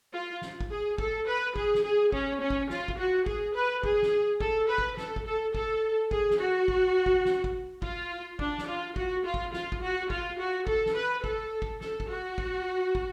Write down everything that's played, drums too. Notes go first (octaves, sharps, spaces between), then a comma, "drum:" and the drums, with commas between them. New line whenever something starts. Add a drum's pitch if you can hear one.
F4
drum: snare
drum: kick
G#4
A4, drum: kick
B4
G#4, drum: kick
drum: snare
G#4
C#4, drum: kick
C#4
drum: kick
F4, drum: snare
drum: kick
F#4
G#4, drum: kick
B4
G#4, drum: kick
drum: snare
A4, drum: kick
B4
drum: kick
A4, drum: snare
drum: kick
A4
A4, drum: kick
G#4, drum: kick
drum: snare
F#4
drum: kick
drum: kick
drum: snare
drum: kick
F4, drum: kick
D4, drum: kick
drum: snare
F4
F#4, drum: kick
F4
drum: kick
F4, drum: snare
drum: kick
F#4
F4, drum: kick
F#4
A4, drum: kick
drum: snare
B4
A4, drum: kick
drum: kick
A4, drum: snare
drum: kick
F#4
drum: kick
drum: kick